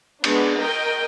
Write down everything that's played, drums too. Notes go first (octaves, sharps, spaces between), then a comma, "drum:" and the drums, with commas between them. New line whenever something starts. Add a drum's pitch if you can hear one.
G#3 B3 D4, drum: cymbal
A#4 D#5 G5